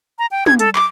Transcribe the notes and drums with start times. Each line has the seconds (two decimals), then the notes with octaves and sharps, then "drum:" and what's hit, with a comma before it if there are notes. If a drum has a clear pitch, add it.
0.19 A#5
0.31 G5
0.46 G#6, drum: tom
0.59 A4, drum: hi-hat
0.75 D6, drum: clap